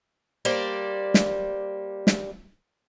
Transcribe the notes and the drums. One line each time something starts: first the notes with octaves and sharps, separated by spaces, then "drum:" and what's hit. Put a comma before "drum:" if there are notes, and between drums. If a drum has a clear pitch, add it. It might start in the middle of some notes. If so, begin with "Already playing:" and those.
G3 A#3 C5 D5
drum: snare
drum: snare